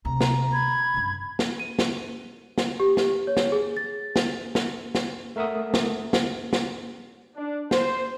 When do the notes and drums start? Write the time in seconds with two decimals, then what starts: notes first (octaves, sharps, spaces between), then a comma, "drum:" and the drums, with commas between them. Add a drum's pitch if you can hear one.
0.05 D2 C3 A#5
0.21 drum: snare
0.53 B5 G#6
0.94 G2 C#3
1.39 drum: snare
1.60 D#7
1.79 drum: snare
2.58 drum: snare
2.80 G4
2.97 drum: snare
3.27 C#5
3.37 drum: snare
3.52 G#4
3.77 A6
4.16 drum: snare
4.55 drum: snare
4.95 drum: snare
5.36 A3 A#4 E5 F#5 D#6
5.74 drum: snare
6.13 drum: snare
6.53 drum: snare
7.36 D4
7.71 C5, drum: snare